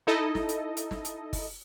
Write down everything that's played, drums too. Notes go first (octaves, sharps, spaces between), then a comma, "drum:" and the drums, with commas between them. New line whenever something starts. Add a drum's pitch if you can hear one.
D#4 E4 A4 D#5
drum: snare
drum: hi-hat
drum: hi-hat
drum: snare
drum: hi-hat
drum: kick, open hi-hat